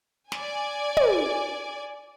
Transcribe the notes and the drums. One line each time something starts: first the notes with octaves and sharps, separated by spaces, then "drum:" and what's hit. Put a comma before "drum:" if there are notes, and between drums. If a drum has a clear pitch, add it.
D5 G#5, drum: snare
drum: tom